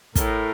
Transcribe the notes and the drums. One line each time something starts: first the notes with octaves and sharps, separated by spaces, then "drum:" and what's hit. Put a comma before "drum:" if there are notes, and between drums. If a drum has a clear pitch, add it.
A2 A#4, drum: kick, hi-hat